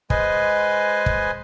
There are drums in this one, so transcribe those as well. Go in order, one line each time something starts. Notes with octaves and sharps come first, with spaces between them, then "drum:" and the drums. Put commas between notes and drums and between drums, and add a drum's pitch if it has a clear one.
G#3 B4 C5 D#5 G#5, drum: kick
drum: kick